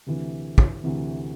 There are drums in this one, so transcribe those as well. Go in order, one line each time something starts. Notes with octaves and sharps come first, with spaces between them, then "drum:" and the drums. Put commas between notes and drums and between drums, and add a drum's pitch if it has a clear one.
D2 C3 E3
drum: kick
D2 C3 E3